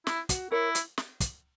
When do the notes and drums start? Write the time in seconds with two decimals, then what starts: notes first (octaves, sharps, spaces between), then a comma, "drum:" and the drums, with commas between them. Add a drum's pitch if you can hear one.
0.07 E4, drum: snare
0.29 F#4, drum: kick, hi-hat
0.51 E4 A#4 C#5
0.75 drum: hi-hat
0.98 drum: snare
1.20 drum: kick, hi-hat